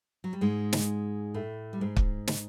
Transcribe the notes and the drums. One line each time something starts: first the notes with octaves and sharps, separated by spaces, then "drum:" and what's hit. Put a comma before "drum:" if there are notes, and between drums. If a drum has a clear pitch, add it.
F#3
G3
G#2 G#3
drum: snare
A2 A3
G3
G#2 G#3
drum: kick
drum: snare